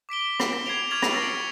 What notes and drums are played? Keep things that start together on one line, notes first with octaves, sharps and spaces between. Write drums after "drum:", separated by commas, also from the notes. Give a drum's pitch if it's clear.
D6 B6 D7 G7
C7 D7, drum: rim click
G#6 C7 D7 F7
C#6 F6 G#6 A6 F7 F#7
drum: rim click
E6 A6 A#6 C7 D7
C#7